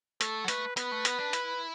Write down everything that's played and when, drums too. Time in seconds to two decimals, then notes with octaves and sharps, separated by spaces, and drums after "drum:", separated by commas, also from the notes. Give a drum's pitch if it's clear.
0.21 A3 A4, drum: hi-hat
0.44 F#3
0.48 A3 B4, drum: hi-hat
0.77 B3 B4, drum: hi-hat
0.92 A3
1.05 B3, drum: hi-hat
1.19 D4
1.33 E4, drum: hi-hat